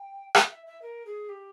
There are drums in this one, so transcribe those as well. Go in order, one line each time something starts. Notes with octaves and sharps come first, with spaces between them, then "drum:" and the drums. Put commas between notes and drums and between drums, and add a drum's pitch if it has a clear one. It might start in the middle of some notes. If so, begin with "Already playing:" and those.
Already playing: G5
drum: rim click
E5
E5
A#4
G#4
G4